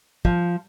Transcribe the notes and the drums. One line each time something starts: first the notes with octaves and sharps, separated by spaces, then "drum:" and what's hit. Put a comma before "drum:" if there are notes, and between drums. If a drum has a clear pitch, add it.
F3, drum: kick